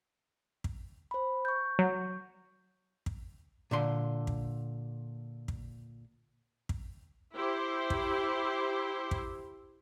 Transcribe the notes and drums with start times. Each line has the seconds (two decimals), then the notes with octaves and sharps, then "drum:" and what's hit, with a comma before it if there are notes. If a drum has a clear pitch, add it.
0.64 drum: kick
1.11 C5 B5
1.45 C#6 G6
1.79 F#3
3.06 drum: kick
3.71 A#2 D3 C6
4.27 drum: kick
5.48 drum: kick
6.69 drum: kick
7.34 E4 G4 C5
7.90 drum: kick
9.11 drum: kick